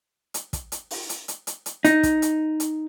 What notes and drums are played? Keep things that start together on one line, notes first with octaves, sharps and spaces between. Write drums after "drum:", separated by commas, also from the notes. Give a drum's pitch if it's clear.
drum: hi-hat
drum: kick, hi-hat
drum: hi-hat
drum: open hi-hat
drum: hi-hat
drum: hi-hat
drum: hi-hat
drum: hi-hat
D#4, drum: hi-hat
drum: kick, hi-hat
drum: hi-hat
drum: hi-hat